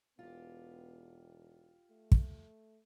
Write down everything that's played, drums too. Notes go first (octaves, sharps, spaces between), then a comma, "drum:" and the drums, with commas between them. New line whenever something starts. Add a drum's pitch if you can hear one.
E1 B3 F4 G4
A3
drum: kick